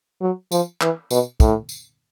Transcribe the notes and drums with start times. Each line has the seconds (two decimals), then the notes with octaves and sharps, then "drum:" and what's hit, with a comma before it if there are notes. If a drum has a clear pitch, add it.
0.21 F#3
0.52 F3, drum: tambourine
0.81 E3, drum: clap
1.11 B2, drum: tambourine
1.40 A2, drum: kick, tambourine
1.69 drum: tambourine